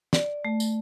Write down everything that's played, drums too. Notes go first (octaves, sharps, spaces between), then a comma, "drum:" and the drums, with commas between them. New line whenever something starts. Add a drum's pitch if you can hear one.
D5, drum: snare
A3
drum: tambourine